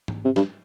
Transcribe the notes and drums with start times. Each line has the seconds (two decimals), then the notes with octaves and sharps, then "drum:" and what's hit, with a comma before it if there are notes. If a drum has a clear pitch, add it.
0.08 drum: tom
0.25 C3
0.36 G2, drum: snare